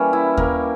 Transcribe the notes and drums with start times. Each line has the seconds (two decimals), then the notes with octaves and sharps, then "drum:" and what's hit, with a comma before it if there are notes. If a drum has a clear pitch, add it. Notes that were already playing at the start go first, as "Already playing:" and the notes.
Already playing: E3 G3 A#3 C#4
0.13 E4
0.37 A#3, drum: kick D#2